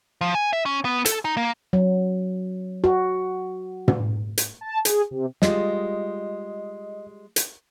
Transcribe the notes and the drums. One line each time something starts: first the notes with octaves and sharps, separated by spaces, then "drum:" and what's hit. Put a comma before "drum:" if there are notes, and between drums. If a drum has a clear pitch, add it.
F3
G#5
E5
C#4
B3
A4, drum: hi-hat
D#4
A#3
F#3
F#4
drum: tom
drum: hi-hat
A5
G#4, drum: hi-hat
C3
G3 G#3 F4 D#5, drum: snare
drum: hi-hat